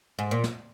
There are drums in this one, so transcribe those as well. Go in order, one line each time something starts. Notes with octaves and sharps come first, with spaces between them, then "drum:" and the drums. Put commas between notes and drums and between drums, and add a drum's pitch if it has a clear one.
G#2
A#2
drum: snare